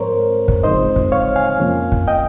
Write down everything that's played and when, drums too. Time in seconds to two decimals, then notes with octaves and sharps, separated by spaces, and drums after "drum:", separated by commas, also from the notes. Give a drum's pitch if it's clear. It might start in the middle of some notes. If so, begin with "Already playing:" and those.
Already playing: G#2 F3 G#3 C4 A#4 C5 C#5
0.48 drum: kick
0.63 C#3 F3 G#3 C4 D#4 C5 D#5
0.96 drum: kick
1.12 C#5 F5
1.36 F5 G#5
1.60 F2 C3 F3 A#3 C#4
1.92 drum: kick
2.08 D#5 G5